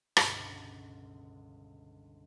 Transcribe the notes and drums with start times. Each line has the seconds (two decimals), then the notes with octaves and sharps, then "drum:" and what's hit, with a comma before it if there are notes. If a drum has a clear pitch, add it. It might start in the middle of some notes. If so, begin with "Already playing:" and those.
0.17 G1 C#2 G2 B2, drum: rim click